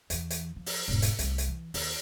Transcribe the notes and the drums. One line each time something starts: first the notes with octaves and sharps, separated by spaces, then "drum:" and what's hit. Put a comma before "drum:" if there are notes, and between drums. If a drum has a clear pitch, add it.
E2 E3, drum: hi-hat
drum: hi-hat
F3
drum: open hi-hat
E1 G#2
drum: hi-hat
C2 A3, drum: hi-hat
drum: hi-hat
E3
D#2, drum: open hi-hat